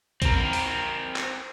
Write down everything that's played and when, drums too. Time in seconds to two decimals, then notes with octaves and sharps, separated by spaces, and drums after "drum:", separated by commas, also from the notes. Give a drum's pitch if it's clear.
0.22 C4 A#4, drum: kick A#1, hi-hat
0.53 drum: open hi-hat
1.16 drum: clap